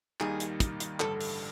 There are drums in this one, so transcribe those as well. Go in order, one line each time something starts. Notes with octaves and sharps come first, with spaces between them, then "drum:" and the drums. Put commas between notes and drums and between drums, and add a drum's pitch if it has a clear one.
D#2 D#3 G3 A#3 D#4 G#4, drum: clap
drum: hi-hat
drum: kick, hi-hat
drum: hi-hat
A1 G2 D3 G3 A4, drum: clap
drum: open hi-hat